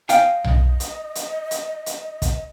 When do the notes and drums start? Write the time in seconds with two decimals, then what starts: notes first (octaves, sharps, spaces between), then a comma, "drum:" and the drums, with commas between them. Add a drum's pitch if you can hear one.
0.09 D#5 F5 G5 G#5, drum: hi-hat
0.44 drum: tom B1
0.80 drum: hi-hat
1.15 drum: hi-hat
1.51 drum: hi-hat
1.86 drum: hi-hat
2.22 drum: kick, hi-hat